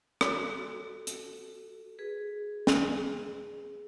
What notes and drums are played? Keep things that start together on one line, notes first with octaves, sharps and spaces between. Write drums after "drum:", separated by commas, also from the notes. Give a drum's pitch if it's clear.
F#4 A4, drum: rim click
drum: hi-hat
G#4 B4
drum: snare